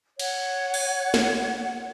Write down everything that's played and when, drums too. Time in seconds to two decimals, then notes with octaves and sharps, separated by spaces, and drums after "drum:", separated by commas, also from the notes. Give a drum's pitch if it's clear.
0.19 C#5 F#5, drum: cymbal
0.74 drum: open hi-hat
1.14 drum: snare